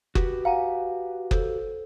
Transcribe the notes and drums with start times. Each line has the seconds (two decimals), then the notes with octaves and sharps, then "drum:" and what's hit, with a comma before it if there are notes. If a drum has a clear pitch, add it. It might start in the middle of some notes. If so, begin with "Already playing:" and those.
0.15 F#4 G4 B4, drum: kick F#1
0.45 F5 F#5 G#5 A#5
1.31 A4 C5, drum: kick F#1